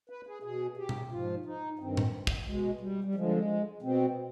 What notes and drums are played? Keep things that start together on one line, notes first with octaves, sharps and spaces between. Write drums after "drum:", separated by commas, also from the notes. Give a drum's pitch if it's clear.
B4
G#4
B2 G#4
G4
drum: tom B2
G#2 F3 F4
D#4
G2 D#3 C4
drum: tom A2
drum: kick
B2 G#3
G3
G3
F2 D3 F3 G#3
B2 C4